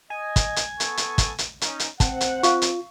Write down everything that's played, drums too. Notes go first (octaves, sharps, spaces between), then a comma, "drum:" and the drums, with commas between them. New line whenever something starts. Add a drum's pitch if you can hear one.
D#5 G#5
drum: kick, hi-hat
drum: hi-hat
B3 A4 C#6, drum: hi-hat
drum: hi-hat
drum: kick, hi-hat
drum: hi-hat
C#4 D#4, drum: hi-hat
drum: hi-hat
C4 F#5 A5, drum: kick, hi-hat
drum: hi-hat
F4 F5 C#6, drum: hi-hat
drum: hi-hat